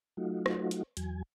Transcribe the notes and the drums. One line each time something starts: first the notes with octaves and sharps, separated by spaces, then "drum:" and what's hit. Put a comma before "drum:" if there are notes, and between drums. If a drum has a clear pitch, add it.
F#3 A3 D#4 F4 F#4
drum: rim click
drum: hi-hat
E2 F#3 G#5, drum: hi-hat